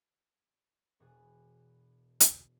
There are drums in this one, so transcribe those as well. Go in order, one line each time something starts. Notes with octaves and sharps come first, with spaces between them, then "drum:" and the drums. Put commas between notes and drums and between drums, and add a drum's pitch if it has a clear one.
E1 B2 F#4 G#4
drum: hi-hat